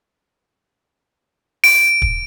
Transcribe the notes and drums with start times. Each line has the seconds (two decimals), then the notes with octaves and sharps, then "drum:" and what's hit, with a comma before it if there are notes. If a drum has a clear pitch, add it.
1.64 D7, drum: open hi-hat
2.02 drum: kick